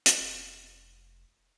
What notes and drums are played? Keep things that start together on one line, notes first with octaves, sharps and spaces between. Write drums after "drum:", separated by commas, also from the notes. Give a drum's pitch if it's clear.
drum: hi-hat
F1